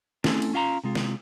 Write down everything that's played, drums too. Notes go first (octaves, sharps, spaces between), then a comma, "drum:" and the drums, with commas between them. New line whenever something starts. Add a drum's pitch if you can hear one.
A3 C4 C#4 E4 A4, drum: snare
drum: cymbal
C#4 F4 F5 G5 A#5 C6
C3 G#3 F4
drum: snare